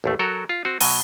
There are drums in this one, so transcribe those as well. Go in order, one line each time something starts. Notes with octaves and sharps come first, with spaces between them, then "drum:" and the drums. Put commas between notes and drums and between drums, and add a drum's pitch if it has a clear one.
A1 D#2 A3
F#3 F#4 A4 A#4
F4
C4 F#4
B2 F#3 G#5, drum: open hi-hat